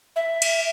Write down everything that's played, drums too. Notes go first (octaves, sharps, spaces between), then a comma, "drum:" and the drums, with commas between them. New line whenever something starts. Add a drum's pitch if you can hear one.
E5
drum: cymbal